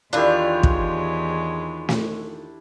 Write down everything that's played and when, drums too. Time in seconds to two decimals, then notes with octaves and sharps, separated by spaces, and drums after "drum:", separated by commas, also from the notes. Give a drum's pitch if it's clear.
0.13 E2 D#3 G#3 D4 E4 F4 G4 C#5
0.63 drum: kick
1.89 drum: snare